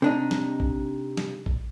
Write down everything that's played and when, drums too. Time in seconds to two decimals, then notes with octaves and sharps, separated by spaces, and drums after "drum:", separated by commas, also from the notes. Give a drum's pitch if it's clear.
0.02 C3 D4 D#4
0.31 drum: snare
0.60 drum: kick A1
1.17 drum: snare
1.46 drum: kick A1